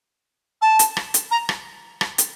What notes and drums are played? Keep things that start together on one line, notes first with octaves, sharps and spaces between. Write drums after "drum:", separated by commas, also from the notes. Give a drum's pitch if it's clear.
A5
drum: hi-hat
drum: rim click
drum: hi-hat
A#5
drum: rim click
drum: rim click
drum: hi-hat